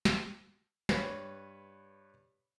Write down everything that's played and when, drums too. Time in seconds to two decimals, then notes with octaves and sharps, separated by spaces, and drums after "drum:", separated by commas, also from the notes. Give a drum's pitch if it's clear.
0.05 drum: snare
0.89 G2 B4 C#5, drum: snare